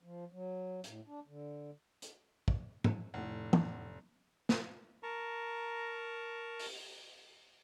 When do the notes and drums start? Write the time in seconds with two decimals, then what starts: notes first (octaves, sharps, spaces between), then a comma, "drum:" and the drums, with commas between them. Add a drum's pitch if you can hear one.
0.03 F3
0.32 F#3
0.84 A2, drum: hi-hat
1.06 D4
1.27 D3
2.02 drum: hi-hat
2.48 drum: kick
2.84 drum: tom
3.14 F1 A2 F#5
3.53 drum: tom
4.49 drum: snare
5.03 A#4 A5 A#5 C#6
6.59 drum: open hi-hat